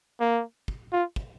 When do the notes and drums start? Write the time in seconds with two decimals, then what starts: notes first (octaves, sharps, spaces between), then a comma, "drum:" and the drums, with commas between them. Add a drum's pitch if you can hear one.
0.20 A#3
0.68 drum: kick
0.92 F4
1.16 drum: kick